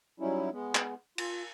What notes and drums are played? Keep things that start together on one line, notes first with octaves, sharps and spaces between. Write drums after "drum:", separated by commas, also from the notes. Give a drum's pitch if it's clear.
F#3 G3 C#4 D#4 E4
G#3 B3
drum: clap
F4, drum: cymbal